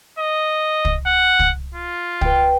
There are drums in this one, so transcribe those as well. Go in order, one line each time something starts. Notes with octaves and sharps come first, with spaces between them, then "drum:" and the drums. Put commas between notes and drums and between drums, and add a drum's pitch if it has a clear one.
D#5
drum: kick
F#5
drum: kick
F4
B4 G5, drum: kick